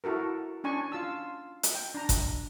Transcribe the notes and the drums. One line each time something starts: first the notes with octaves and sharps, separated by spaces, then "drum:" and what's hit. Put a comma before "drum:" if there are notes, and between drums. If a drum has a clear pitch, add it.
E4 F#4 A4 A#4
C#4 D4 G#5 C#6
F4 A5 E6
drum: hi-hat
G5
D4 A#5
drum: kick G1, hi-hat